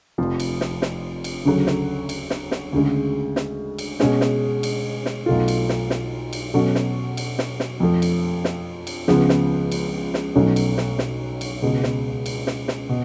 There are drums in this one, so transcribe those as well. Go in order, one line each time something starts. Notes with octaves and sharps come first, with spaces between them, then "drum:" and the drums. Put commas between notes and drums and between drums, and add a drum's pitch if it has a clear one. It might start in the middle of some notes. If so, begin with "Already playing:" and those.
F1 F2 F3
drum: cymbal
drum: snare
drum: snare
drum: cymbal
D2 C#3 F#3 A3
drum: snare
drum: cymbal
drum: snare
drum: snare
D2 C#3 G#3
drum: snare
drum: cymbal
B2 G#3 C#4 G#4, drum: snare
drum: snare
drum: cymbal
drum: snare
B1 B2 A3 F4
drum: cymbal
drum: snare
drum: snare
drum: cymbal
B2 F#3 C#4 F#4 A4
drum: snare
drum: cymbal
drum: snare
drum: snare
F2 F3 A3
drum: cymbal
drum: snare
drum: cymbal
C#2 C#3 F3 G#3 B3, drum: snare
drum: snare
drum: cymbal
drum: snare
B1 B2 F#3 A3 C#4
drum: cymbal
drum: snare
drum: snare
drum: cymbal
C#2 B2 G#3
drum: snare
drum: cymbal
drum: snare
drum: snare
B2